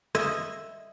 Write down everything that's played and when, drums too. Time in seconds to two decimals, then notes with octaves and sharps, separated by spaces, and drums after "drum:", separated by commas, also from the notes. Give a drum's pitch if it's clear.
0.15 D#5 E5, drum: rim click